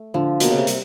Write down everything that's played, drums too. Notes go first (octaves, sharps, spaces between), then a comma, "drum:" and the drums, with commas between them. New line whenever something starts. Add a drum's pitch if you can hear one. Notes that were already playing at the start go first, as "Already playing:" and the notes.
Already playing: A3
D3 F3
B2 A#3, drum: hi-hat
C#3
C3
G3, drum: hi-hat